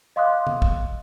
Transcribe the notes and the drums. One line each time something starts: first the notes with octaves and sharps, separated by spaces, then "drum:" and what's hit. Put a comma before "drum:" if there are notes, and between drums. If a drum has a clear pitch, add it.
D#5 F5 C6 D6 D#6 F#6
drum: tom C#3
drum: kick